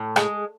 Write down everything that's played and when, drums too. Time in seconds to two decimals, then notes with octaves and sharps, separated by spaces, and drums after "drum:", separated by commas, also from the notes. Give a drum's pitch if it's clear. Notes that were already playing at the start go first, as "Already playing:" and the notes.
Already playing: A2
0.16 G#3, drum: rim click